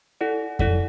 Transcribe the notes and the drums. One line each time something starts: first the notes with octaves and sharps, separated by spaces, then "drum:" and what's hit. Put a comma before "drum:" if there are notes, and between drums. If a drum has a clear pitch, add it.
E4 A4 D5 F#5
E4 A4 D5 F#5, drum: kick F2